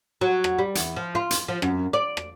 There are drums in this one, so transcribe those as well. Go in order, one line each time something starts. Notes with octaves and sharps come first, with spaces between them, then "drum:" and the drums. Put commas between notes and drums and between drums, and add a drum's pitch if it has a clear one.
F#3
drum: rim click
G3
E2, drum: hi-hat
F3
F4
drum: hi-hat
F3
F#2, drum: rim click
D5
drum: rim click